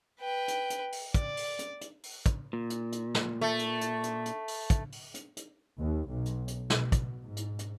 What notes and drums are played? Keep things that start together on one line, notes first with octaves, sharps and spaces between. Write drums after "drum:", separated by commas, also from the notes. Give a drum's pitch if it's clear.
B4 G5
drum: hi-hat
drum: hi-hat
drum: open hi-hat
D5, drum: kick, hi-hat
drum: open hi-hat
drum: hi-hat
drum: hi-hat
drum: open hi-hat
drum: kick, hi-hat
A#2
drum: hi-hat
drum: hi-hat
drum: snare
A3
drum: hi-hat
drum: hi-hat
drum: hi-hat
drum: hi-hat
drum: open hi-hat
drum: kick, hi-hat
drum: open hi-hat
drum: hi-hat
drum: hi-hat
D#2
B1
drum: hi-hat
drum: hi-hat
B2, drum: snare
drum: kick, hi-hat
G#2
drum: hi-hat
drum: hi-hat